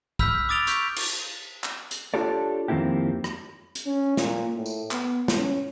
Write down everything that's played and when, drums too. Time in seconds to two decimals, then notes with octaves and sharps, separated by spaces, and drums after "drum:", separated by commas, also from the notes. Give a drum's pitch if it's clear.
0.19 B5 E6 F6 G6 B6, drum: kick
0.49 D6 D#6 A6 D7 F7 G7
0.67 C#6 G6 B6 D7, drum: hi-hat
0.96 drum: cymbal
1.64 drum: clap
1.91 drum: hi-hat
2.14 D4 F4 G4 A4 C#5 D5
2.68 F2 D#3 A#3 C4 E4 G4
3.24 drum: rim click
3.75 drum: hi-hat
3.86 C#4
4.17 A#2, drum: snare
4.55 A2
4.66 drum: tambourine
4.91 B3, drum: clap
5.28 drum: snare
5.38 C#4